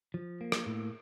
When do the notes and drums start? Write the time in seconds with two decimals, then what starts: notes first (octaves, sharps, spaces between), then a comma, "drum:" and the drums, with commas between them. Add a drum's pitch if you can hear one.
0.14 F3
0.41 A#3
0.52 drum: rim click
0.66 A2